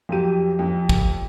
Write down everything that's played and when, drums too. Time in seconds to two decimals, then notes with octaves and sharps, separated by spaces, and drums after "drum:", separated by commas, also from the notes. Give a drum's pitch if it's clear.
0.09 F2 F3 F#3 G4 D#7
0.59 F2
0.89 drum: kick